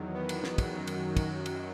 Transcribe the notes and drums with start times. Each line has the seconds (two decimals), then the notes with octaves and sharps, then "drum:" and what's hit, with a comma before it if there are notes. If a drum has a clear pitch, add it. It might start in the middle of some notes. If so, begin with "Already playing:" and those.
Already playing: E2 D#3 F#3
0.14 B3
0.29 drum: cymbal
0.44 drum: snare
0.58 drum: kick, cymbal
0.73 F#2 D#3 F#3
0.87 drum: cymbal
1.17 drum: kick, cymbal
1.46 drum: cymbal